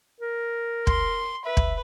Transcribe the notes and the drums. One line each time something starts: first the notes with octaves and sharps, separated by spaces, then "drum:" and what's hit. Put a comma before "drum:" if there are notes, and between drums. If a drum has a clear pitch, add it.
A#4
C6, drum: kick
B4 E5
drum: kick